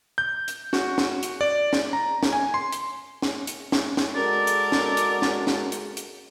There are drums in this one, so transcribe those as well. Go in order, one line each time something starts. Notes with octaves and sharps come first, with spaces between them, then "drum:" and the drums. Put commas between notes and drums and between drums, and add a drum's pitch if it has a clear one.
G6
drum: hi-hat
F#4, drum: snare
drum: snare
drum: hi-hat
D5
drum: snare
A#5
drum: snare
G#5
C6
drum: hi-hat
drum: snare
drum: hi-hat
drum: snare
drum: snare
G#3 F#4 A4 A#4 D5
drum: hi-hat
drum: snare
drum: hi-hat
drum: snare
drum: snare
drum: hi-hat
drum: hi-hat